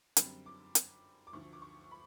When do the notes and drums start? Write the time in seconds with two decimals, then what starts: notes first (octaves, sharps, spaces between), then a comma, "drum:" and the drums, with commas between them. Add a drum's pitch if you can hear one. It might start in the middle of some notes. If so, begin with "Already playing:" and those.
0.17 F#2 D3 G3 C4, drum: hi-hat
0.46 D6
0.75 drum: hi-hat
1.27 D6
1.33 D2 D3 F3 C#6
1.53 D6
1.62 C#6
1.91 B5